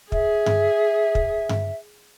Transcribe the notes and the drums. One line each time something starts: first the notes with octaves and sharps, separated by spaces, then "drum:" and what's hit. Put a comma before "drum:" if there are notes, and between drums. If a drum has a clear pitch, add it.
G#4 E5, drum: kick
drum: tom G2
drum: kick
drum: tom G2